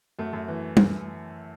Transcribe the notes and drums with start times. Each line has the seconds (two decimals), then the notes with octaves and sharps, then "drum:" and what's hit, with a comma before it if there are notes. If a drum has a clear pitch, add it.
0.19 F#2 A3
0.33 F#2
0.48 E3
0.77 drum: tom